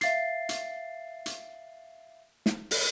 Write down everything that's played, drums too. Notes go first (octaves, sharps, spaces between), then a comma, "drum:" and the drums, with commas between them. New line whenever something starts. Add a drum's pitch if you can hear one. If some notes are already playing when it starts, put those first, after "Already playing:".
E5 F5 A6 C7, drum: hi-hat
drum: hi-hat
drum: hi-hat
drum: snare
drum: open hi-hat